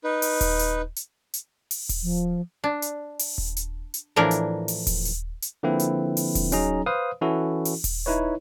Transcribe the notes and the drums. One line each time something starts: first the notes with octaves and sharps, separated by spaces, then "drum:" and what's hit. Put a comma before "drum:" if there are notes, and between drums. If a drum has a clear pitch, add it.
D#4 B4
drum: open hi-hat
drum: kick D#1, open hi-hat
drum: hi-hat
drum: hi-hat
drum: hi-hat
drum: open hi-hat
drum: kick D#1, open hi-hat
F3
D4
drum: hi-hat
drum: open hi-hat
drum: kick D#1
drum: hi-hat
drum: hi-hat
A2 E3 F3 D4 A#4
drum: hi-hat
drum: open hi-hat
drum: kick D#1, open hi-hat
drum: hi-hat
drum: hi-hat
D3 F3 A#3 C4 E4 B4
drum: hi-hat
drum: open hi-hat
drum: kick D#1, open hi-hat
F#3 C#4 D#4 G#4 A#5, drum: hi-hat
B4 C5 F5 D#6
E3 C#4 E4 F#4 A4
drum: open hi-hat
drum: kick D#1, open hi-hat
D#4 E4 B4 C#5